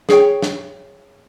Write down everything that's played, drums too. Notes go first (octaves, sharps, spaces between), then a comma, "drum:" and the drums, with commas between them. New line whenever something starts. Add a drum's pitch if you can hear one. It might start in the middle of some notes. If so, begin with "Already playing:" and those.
G#4 C#5 G5, drum: snare
drum: snare